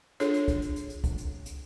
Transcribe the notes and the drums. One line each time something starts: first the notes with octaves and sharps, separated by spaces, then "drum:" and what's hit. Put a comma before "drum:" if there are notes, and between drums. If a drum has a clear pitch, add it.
D4 F4 G#4 A4 C#5, drum: hi-hat
drum: hi-hat
drum: kick, hi-hat
drum: hi-hat
drum: hi-hat
drum: hi-hat
drum: kick, hi-hat
drum: hi-hat
drum: hi-hat